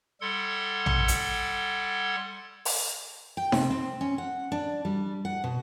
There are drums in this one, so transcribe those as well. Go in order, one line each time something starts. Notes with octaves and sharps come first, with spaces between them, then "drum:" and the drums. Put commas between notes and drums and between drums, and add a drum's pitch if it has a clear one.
G3 A4 F#5 C6 G#6
drum: tom A#1
drum: hi-hat
drum: open hi-hat
G5
C3, drum: snare D#4
C4
C#4
F#5
D4
G3
F#5
B2